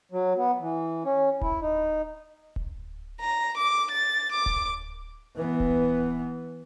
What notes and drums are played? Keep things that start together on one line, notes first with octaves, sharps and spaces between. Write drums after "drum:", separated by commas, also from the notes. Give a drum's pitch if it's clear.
F#3
B3
E3
C#4
E4, drum: kick D1
D#4
drum: kick D1
A#5
D6
A6
D6
drum: kick D1
E3 B3
drum: kick D1